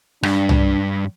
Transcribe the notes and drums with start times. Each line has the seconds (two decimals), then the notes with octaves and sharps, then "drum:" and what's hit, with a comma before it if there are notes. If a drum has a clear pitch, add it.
0.23 G2 D4, drum: rim click
0.49 drum: tom C2